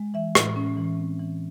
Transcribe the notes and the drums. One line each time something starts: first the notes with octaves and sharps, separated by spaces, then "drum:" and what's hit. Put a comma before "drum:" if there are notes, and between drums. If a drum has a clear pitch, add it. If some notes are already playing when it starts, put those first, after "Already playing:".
Already playing: G#3
E3 E5
A2, drum: rim click
C#4
E3
C4
E3